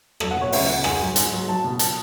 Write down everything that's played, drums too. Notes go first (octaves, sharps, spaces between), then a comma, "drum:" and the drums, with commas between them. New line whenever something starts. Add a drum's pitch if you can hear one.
F#3 A4, drum: rim click
F#5
B2 C#5
C#2 E5, drum: open hi-hat
C#2 F#5
G#2 G#5, drum: rim click
F#3
G#2, drum: hi-hat
F#3
F#3 A5
B2
A5, drum: hi-hat